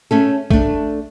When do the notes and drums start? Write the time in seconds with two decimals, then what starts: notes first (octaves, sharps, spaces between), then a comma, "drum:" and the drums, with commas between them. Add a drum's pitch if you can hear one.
0.11 A3 C#4 A4
0.51 A3 D4, drum: kick